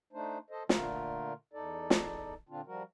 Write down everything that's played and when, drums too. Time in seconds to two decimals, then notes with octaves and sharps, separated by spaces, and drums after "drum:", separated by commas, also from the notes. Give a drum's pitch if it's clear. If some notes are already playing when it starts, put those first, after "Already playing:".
0.13 A3 D4 D#4 C5
0.50 A4 C5 D#5
0.69 A#2 D3 A3 F4 A#4, drum: snare
1.53 E2 D#4 A4 D5
1.90 drum: snare
2.49 A#2 D3 C4 D4 F4
2.66 F3 G3 F#4 A#4